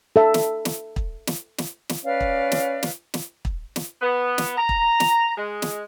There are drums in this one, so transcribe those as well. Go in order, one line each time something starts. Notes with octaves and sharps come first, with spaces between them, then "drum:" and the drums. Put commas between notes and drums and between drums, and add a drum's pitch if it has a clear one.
A4 E5
drum: snare
drum: snare
drum: kick
drum: snare
drum: snare
drum: snare
C#4 B4 D5 F5
drum: kick
drum: snare
drum: snare
drum: snare
drum: kick
drum: snare
B3
drum: snare
A#5
drum: kick
drum: snare
G#3
drum: snare